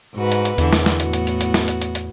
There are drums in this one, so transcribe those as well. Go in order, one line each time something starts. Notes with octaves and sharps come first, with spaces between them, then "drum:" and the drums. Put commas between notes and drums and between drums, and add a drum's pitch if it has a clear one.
G#2 F#4 B4
drum: hi-hat
drum: hi-hat
E2 D3 E3, drum: hi-hat
drum: snare
drum: snare
A2 B3 F#4, drum: hi-hat
drum: hi-hat
drum: hi-hat
drum: hi-hat
drum: snare
drum: hi-hat
drum: hi-hat
drum: hi-hat